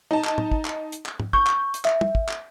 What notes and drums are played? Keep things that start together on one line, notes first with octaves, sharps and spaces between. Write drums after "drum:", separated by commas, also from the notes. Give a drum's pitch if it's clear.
D#4 A5
drum: clap
drum: tom
drum: kick
drum: clap
drum: hi-hat
drum: clap
drum: tom
C#6 G6, drum: kick
drum: clap
drum: hi-hat
E5, drum: clap
drum: tom
drum: kick
drum: clap